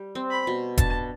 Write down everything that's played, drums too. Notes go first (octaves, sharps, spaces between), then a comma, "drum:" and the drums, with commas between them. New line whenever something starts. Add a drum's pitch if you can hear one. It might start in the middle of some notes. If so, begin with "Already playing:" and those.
Already playing: G3
C4
B5
B2
D4 A5, drum: kick E1, hi-hat